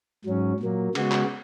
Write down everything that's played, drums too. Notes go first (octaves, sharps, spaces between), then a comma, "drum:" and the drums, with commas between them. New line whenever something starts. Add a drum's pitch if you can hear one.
G#2 F#3 C#4
A#2 F#3 A#3
C#3 G#3 B3 F#4, drum: cymbal
drum: clap